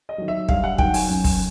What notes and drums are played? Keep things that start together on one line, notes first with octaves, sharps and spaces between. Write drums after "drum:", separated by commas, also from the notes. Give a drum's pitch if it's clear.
D#5
D#3 F#3
E5
G2 F5, drum: kick
F#5
D#3 F#3 G5, drum: kick
G#5, drum: open hi-hat
F#2
drum: kick, open hi-hat